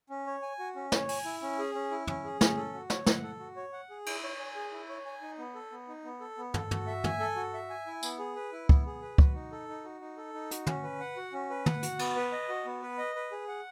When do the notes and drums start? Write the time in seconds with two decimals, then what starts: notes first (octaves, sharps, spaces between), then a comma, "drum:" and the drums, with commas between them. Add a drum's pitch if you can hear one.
0.10 C#4
0.26 C#5
0.42 G#5
0.59 F#4
0.76 C#4
0.92 C#5, drum: snare
1.09 G#5, drum: open hi-hat
1.25 E4
1.42 C#4
1.58 G#4
1.75 C#4
1.91 E4
2.07 C#4, drum: tom
2.24 G#4
2.41 C#4, drum: snare
2.57 A4
2.74 F#4
2.90 C#5, drum: snare
3.06 F#5, drum: snare
3.23 A4
3.39 F#4
3.56 C#5
3.73 F#5
3.90 G#4
4.06 E4, drum: cymbal
4.23 C#5
4.39 G#5
4.55 G#4
4.72 E4
4.89 C#5
5.05 G#5
5.22 D#4
5.38 B3
5.55 A4
5.72 B3
5.88 D#4
6.04 B3
6.20 A4
6.38 B3
6.54 A4, drum: tom
6.71 F#4, drum: tom
6.87 E5
7.04 G#5, drum: tom
7.20 A4
7.36 F#4
7.54 E5
7.70 G#5
7.86 E4
8.03 B3, drum: tambourine
8.19 G#4
8.36 B4
8.52 E4
8.69 B3, drum: kick
8.86 G#4
9.02 B4
9.18 F#4, drum: kick
9.34 D#4
9.52 A4
9.68 D#4
9.84 F#4
10.01 D#4
10.17 A4
10.34 D#4
10.51 F#4, drum: hi-hat
10.67 C#4, drum: tom
10.83 B4
11.00 F#5
11.17 F#4
11.33 C#4
11.50 B4
11.66 F#5, drum: tom
11.83 F#4, drum: hi-hat
11.99 B3, drum: cymbal
12.16 B4
12.32 D#5
12.49 F#4
12.66 B3
12.83 B4
12.98 D#5
13.15 B4
13.32 G#4
13.48 F#5